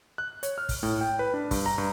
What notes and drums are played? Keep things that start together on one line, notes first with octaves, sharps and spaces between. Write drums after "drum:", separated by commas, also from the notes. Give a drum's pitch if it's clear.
F#6
C#5, drum: hi-hat
F6
drum: kick, open hi-hat
A2
G5
B4
D4
G2, drum: kick, open hi-hat
A#5
G2